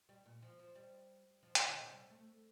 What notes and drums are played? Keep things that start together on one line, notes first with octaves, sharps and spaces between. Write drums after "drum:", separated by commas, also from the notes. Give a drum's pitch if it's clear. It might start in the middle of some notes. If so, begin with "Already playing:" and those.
G3
A#2
F3
F3
G3
F3
E3, drum: hi-hat
D3
C3
G3
A3